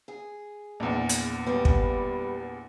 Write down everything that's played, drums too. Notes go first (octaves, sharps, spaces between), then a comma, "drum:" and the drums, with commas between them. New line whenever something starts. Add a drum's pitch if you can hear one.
G#4
A#1 E2
drum: hi-hat
G3 B3
drum: kick